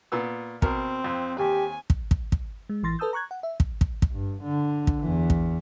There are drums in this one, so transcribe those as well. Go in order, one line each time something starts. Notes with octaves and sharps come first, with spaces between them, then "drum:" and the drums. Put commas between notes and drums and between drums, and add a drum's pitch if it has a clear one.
A#2 B3 E6
B2 C4 A#4, drum: kick
F2
D#2 G4 G#5
drum: kick
drum: kick
drum: kick
G#3
A1 E3 C6 A6 A#6
A4 B4 A5 D#6 E6 G6
A#5 C#6 F#6 G#6
F#5
E5
drum: kick
drum: kick
drum: kick
G2
D3
drum: kick
E2 E3
drum: kick